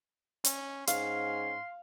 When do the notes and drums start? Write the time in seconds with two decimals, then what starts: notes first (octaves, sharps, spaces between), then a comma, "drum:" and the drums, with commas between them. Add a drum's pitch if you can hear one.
0.45 C#4, drum: hi-hat
0.88 G#2 C#4 F5 C6, drum: hi-hat